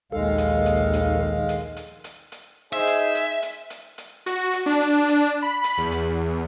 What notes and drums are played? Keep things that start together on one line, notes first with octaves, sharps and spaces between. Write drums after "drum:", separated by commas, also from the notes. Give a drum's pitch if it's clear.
A#1 D#2 D#3 G#3 A4 F5
drum: hi-hat
drum: hi-hat
drum: hi-hat
drum: hi-hat
drum: hi-hat
drum: hi-hat
drum: hi-hat
D#4 G#4 C5 E5
drum: hi-hat
drum: hi-hat
drum: hi-hat
drum: hi-hat
drum: hi-hat
F#4, drum: hi-hat
drum: hi-hat
D4
drum: hi-hat
drum: hi-hat
B5
drum: hi-hat
E2
drum: hi-hat